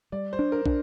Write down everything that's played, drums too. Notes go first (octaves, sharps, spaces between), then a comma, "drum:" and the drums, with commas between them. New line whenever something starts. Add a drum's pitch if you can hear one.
G3 D5
C5
D4
A#4
D4, drum: kick